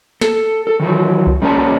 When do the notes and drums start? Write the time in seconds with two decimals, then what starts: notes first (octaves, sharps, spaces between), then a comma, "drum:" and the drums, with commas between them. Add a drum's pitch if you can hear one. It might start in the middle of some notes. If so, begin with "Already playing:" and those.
0.21 A4, drum: snare
0.67 A4
0.80 D#3 E3 F#3
1.27 drum: kick C2
1.42 G3 A#3 C#4 B4 G#5 A5